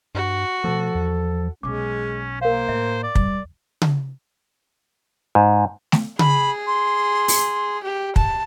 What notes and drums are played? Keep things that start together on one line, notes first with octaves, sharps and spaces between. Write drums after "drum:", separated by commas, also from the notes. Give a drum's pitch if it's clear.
G2 F#4
B2 F3 A3 A4
E2
B1 B2 G#3 C#4 D6
A#3 A#4 C5 F5
A2 E5
D5
G3, drum: kick
drum: tom C#3
G#2
drum: snare A3
G#4 B5, drum: tom C#3
C6
drum: open hi-hat
G4
A5, drum: kick